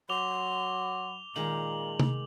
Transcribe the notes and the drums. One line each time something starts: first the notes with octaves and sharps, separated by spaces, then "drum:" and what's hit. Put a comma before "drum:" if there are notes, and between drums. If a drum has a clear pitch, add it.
F#3 C6 D6 F7 G7
A#2 D#3 G#3 A#5 F#7
drum: tom C3